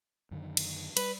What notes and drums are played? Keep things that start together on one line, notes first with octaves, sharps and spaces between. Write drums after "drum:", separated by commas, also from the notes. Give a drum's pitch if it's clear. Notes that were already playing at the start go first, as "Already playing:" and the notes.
F#2 D3 D#3
drum: cymbal
G3 B4, drum: cymbal